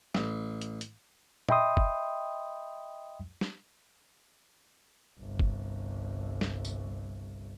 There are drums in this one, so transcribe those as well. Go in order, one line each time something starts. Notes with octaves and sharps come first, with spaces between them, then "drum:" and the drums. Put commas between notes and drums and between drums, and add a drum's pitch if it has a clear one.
A1, drum: snare
drum: hi-hat
drum: hi-hat
D#5 E5 G5 B5 C6 D#6, drum: tom
drum: kick F#1
drum: snare
G1 C2
drum: kick F#1
drum: snare
drum: tambourine